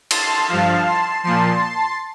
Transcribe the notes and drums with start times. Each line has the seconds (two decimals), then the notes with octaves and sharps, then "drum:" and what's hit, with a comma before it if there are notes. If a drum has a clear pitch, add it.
0.11 A5 C6, drum: cymbal
0.48 G2 F3 F5 A5
0.86 A5 C6
1.23 A#2 F3 A5 C6